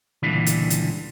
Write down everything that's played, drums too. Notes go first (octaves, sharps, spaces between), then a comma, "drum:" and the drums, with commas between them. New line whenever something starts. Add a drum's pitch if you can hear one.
C#2 A#2 D3 E3 G3
drum: hi-hat
drum: hi-hat